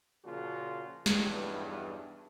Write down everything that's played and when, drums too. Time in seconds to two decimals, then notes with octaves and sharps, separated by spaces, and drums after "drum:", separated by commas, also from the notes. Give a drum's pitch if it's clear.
0.24 A#2 C#3 F3 F4 F#4
1.06 B1 E2 G2, drum: snare